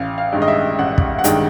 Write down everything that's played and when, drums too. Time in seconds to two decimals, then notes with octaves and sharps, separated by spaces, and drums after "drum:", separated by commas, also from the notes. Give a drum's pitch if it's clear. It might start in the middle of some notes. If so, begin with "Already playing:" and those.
Already playing: A1 F5
0.18 F5
0.32 G2 D#3 G#3
0.42 D#5
0.48 E5
0.79 A1 F#5
0.98 drum: kick
1.19 F#5
1.24 G2 D#3 G#3 G5, drum: hi-hat